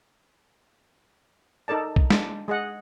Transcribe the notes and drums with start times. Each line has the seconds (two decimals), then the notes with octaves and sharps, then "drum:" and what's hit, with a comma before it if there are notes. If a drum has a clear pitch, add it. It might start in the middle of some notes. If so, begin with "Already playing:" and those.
1.68 D#4 A4 A#4 D5 A5
1.96 drum: kick
2.10 G#3 D4, drum: snare
2.48 G#3 G#4 D#5 F#5